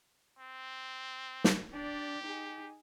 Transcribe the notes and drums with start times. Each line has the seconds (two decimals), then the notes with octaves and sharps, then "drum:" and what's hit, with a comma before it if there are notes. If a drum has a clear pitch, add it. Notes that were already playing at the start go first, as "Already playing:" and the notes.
0.39 C4
1.44 drum: snare
1.73 D4 G4 D5
2.23 D#4 G#4